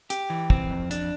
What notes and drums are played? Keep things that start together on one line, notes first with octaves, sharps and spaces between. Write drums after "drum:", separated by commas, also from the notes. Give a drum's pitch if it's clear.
G4, drum: hi-hat
E3
C4, drum: kick
F2
D4, drum: hi-hat